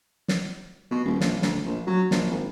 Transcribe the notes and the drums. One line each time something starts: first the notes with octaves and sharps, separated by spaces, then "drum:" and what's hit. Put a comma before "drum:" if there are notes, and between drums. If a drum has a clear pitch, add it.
drum: snare
B2
D#1
A#1, drum: snare
D2, drum: snare
A#1
F#3
A#1, drum: snare
G#1